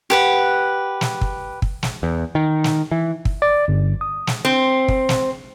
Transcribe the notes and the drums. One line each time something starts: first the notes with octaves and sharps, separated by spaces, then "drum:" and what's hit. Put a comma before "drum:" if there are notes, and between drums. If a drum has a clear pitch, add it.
G4 B4 F#5
drum: snare
drum: kick
drum: kick
drum: snare
E2
D#3
drum: snare
E3
drum: kick
D5
G1
D#6
drum: snare
C4
drum: kick
drum: snare